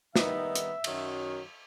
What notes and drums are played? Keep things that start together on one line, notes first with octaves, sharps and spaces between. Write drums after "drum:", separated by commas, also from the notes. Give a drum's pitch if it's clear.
D#3 G3 B3 D#4 E5, drum: snare
drum: hi-hat
F#2 D#3 F#3, drum: cymbal